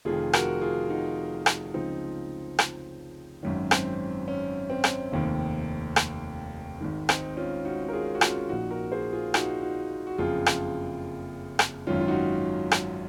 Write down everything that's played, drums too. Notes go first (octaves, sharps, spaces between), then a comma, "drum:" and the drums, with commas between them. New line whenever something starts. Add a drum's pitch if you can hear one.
F1 F2 D#3 F4 G#4
F#4 A#4, drum: rim click
F4 G#4
D#4 F#4
drum: rim click
C#2 C#3 F3 C4 D#4
drum: rim click
G#1 F#2 D#3 C#4
C4, drum: rim click
C#4
C4
drum: rim click
F1 D#2 D#3
drum: rim click
G#1 G#2 D#3
C4 D#4, drum: rim click
C#4 F4
D#4 F#4
A#4
F4 G#4
F#4
C#4 F4, drum: rim click
A#1 A#2 F3 D#4 F#4
F#4 A#4
G#4 C5
F4 G#4
D#4 F#4, drum: rim click
D#4 F#4
F#4
F#1 F2 C#3 F3 F4 G#4
drum: rim click
drum: rim click
G#1 F#2 D#3 C#4 F4
F4
D#4 F#4
drum: rim click